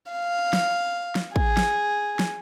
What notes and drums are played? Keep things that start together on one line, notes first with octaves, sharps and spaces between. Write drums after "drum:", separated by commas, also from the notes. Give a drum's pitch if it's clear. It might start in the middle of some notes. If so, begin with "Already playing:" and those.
F5
drum: snare
drum: snare
G#4, drum: kick
drum: snare
drum: snare